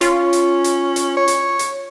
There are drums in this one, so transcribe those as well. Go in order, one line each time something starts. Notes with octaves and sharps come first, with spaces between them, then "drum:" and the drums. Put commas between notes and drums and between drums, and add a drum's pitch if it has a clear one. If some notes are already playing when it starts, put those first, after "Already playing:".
C#4 F4, drum: hi-hat
drum: hi-hat
drum: hi-hat
drum: hi-hat
C#5
drum: hi-hat
drum: hi-hat